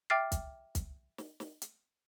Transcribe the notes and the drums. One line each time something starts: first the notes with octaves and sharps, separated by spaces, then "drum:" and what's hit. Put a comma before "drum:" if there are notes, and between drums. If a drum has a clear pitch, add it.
E5 G5 D6 F6 A6 C7
drum: kick, hi-hat
drum: kick, hi-hat
drum: snare
drum: snare
drum: hi-hat